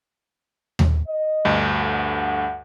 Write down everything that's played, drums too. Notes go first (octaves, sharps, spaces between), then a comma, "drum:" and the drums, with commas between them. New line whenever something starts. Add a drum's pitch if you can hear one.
drum: tom D#2
D#5
D2 G2
A4 E5 F#5